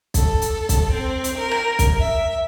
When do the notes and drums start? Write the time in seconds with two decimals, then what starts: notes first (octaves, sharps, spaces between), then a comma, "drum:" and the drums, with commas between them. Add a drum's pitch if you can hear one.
0.14 A4, drum: kick, hi-hat
0.42 drum: hi-hat
0.69 drum: kick, hi-hat
0.90 C4
1.24 drum: hi-hat
1.37 A#4
1.51 drum: rim click
1.79 drum: kick, hi-hat
1.99 E5